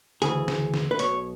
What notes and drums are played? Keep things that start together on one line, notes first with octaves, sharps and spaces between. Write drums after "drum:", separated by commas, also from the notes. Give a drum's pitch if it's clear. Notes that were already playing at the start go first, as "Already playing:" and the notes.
D2 C#3 E3 G#4, drum: hi-hat
drum: snare
drum: snare
B4
B1 B2 C#5, drum: hi-hat